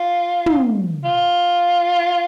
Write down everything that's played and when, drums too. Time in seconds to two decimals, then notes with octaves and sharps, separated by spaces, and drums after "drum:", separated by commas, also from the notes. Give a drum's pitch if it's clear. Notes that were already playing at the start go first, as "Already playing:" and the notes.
Already playing: F4
0.46 drum: tom
1.05 F4